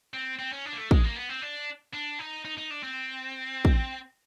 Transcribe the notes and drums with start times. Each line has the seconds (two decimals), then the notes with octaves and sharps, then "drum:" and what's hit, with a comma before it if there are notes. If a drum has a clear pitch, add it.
0.14 C4
0.39 C4
0.52 C#4
0.65 D4
0.73 A#3
0.78 A3
0.91 G#3, drum: kick
1.04 A#3
1.16 B3
1.29 C4
1.42 D4
1.94 D4
2.19 D#4
2.45 D#4
2.58 D#4
2.71 D4
2.84 C4
3.65 drum: kick